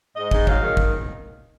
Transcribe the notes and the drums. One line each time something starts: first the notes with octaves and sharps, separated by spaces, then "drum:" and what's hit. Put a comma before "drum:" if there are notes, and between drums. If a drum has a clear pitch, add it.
G#2 D#5
G#2, drum: kick
F#3 F5, drum: kick
D#3
drum: kick